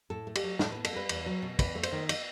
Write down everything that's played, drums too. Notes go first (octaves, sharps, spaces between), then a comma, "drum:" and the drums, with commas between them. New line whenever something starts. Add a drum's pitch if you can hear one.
A2 A4
A3
G4, drum: cymbal
F#3
A2 A4, drum: snare
B4
B3
A4, drum: cymbal
G3 B4
E2, drum: cymbal
F#3
B2
E2 B4, drum: kick, cymbal
A3
C5, drum: cymbal
D#3
D#5, drum: cymbal